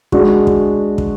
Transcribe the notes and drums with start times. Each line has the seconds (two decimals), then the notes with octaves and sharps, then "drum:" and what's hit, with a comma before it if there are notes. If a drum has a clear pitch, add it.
0.12 G#3 D4 F#4, drum: kick
0.47 drum: kick
0.98 drum: kick